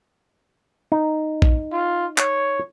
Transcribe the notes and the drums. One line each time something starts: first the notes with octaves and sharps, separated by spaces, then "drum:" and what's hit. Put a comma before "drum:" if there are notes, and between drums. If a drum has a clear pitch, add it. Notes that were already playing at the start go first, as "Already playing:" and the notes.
D#4
drum: kick A#1
F4
C#5, drum: clap